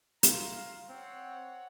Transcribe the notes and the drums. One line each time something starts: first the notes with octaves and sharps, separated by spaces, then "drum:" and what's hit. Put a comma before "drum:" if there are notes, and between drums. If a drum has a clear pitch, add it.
F4 A#5, drum: hi-hat
F5
C4 C#5 F#5